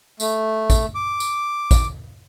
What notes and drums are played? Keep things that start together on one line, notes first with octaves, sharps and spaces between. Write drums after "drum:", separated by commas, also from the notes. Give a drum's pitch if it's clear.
A3, drum: tambourine
drum: kick, tambourine
D6
drum: tambourine
drum: kick, tambourine